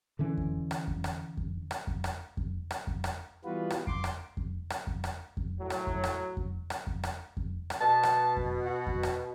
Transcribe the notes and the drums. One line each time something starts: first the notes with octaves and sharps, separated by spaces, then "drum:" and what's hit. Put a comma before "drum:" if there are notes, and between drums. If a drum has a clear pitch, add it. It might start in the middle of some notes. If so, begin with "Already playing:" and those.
D3 E3 C#4
drum: kick F2
drum: rim click
drum: kick F2
drum: rim click
drum: kick F2
drum: rim click
drum: kick F2
drum: rim click
drum: kick F2
drum: rim click
drum: kick F2
drum: rim click
E3 G3 B3 F4 F#4 B4
drum: rim click
C6 D6, drum: kick F2
drum: rim click
drum: kick F2
drum: rim click
drum: kick F2
drum: rim click
drum: kick F2
A2 F#3
drum: rim click
drum: kick F2
drum: rim click
drum: kick F2
drum: rim click
drum: kick F2
drum: rim click
drum: kick F2
drum: rim click
B2 A5
drum: rim click
drum: kick F2
F#4
drum: kick F2
drum: rim click